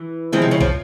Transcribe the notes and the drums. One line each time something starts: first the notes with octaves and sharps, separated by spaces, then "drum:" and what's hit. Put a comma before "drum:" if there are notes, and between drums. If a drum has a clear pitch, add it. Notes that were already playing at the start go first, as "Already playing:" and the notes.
Already playing: E3
D#3 F3 G#3 C4 E4
C3
C#3
F3, drum: kick